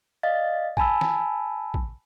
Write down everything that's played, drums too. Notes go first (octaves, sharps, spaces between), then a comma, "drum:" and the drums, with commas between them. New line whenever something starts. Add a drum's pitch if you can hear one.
D5 D#5 F5 A6
G#5 A5 B5 E6, drum: kick
drum: snare
drum: kick